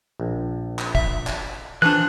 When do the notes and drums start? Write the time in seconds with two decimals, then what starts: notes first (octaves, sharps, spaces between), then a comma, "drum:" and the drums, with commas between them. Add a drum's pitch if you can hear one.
0.20 A#1
0.79 drum: clap
0.95 E5, drum: kick
1.27 drum: clap
1.82 E3 F3 D4 A4 F#6